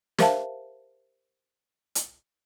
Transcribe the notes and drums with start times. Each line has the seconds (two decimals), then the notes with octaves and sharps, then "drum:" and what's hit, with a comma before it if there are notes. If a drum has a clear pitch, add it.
0.18 G4 A#4 C5 E5 F5 A5, drum: snare
1.95 drum: hi-hat